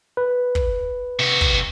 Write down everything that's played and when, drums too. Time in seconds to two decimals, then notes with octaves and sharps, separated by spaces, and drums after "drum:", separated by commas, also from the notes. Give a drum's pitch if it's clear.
0.17 B4
0.55 drum: kick
1.19 C3 F#4
1.41 drum: kick